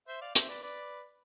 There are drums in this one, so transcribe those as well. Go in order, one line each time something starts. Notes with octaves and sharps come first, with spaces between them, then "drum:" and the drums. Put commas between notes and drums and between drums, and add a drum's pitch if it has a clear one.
C5 E5
D5 F5
C5 E5, drum: hi-hat
B4 D5
B4 D5